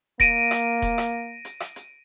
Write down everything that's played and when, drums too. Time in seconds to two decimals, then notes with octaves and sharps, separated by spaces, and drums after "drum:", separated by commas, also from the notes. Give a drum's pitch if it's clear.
0.20 A#3 A#6 D7 D#7, drum: kick D#1, hi-hat
0.51 drum: rim click
0.82 drum: kick D#1, hi-hat
0.98 drum: rim click
1.45 drum: hi-hat
1.60 drum: rim click
1.76 drum: hi-hat